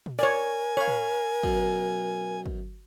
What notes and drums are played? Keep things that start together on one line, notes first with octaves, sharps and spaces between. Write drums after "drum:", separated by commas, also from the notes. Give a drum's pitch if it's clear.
drum: tom A#2
A#4 C#5 D5 G#5
C#5 F5 B5
drum: tom A2
F#2 B2, drum: kick
drum: kick